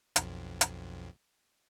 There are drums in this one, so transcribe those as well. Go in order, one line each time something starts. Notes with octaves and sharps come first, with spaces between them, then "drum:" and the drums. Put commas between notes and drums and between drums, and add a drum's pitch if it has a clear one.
B1 F2, drum: hi-hat
drum: hi-hat